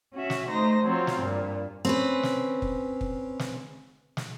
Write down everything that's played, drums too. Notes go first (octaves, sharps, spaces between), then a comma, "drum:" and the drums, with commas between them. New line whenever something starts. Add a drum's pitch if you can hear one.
C#4 F#4 E5
drum: snare
A3 D#4 C5 A#6
F3 F#3 C4 F4
drum: snare
G2 A#2
C4 C#4 B4
drum: snare
drum: kick
drum: kick
drum: snare
drum: snare